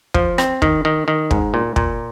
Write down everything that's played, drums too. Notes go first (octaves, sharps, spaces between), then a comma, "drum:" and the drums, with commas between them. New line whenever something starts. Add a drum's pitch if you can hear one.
F3, drum: kick
C4, drum: rim click
D#3, drum: kick
D#3
D#3
G#2, drum: kick
A#2
A#2, drum: kick